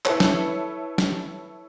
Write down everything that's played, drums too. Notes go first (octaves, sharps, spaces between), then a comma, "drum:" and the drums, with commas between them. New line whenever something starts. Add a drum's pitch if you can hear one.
E4 A4 B4 C#5, drum: clap
drum: snare
drum: snare